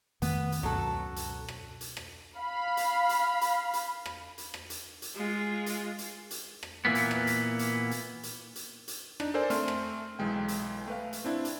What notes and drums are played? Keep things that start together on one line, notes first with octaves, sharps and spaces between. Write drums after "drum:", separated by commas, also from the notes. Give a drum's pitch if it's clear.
F2 D#3 A3 B3, drum: hi-hat
drum: hi-hat
C#2 F#2 B2 F#3 A4
drum: hi-hat
drum: rim click
drum: hi-hat
drum: rim click
F5 B5
drum: hi-hat
drum: hi-hat
drum: hi-hat
drum: hi-hat
drum: rim click
drum: hi-hat
drum: rim click
drum: hi-hat
drum: hi-hat
G#3 F4
drum: hi-hat
drum: hi-hat
drum: hi-hat
drum: rim click
A#2 E3 A#3 B3
drum: hi-hat
drum: rim click
drum: hi-hat
drum: hi-hat
drum: hi-hat
drum: hi-hat
drum: hi-hat
drum: hi-hat
D4 D#4, drum: rim click
A4 A#4 C5 D5 G#5
A3 C4 C6 F6, drum: hi-hat
drum: rim click
B1 E3 G#3 G5
drum: hi-hat
A3 B4 F5
drum: hi-hat
C4 D4 E4
drum: hi-hat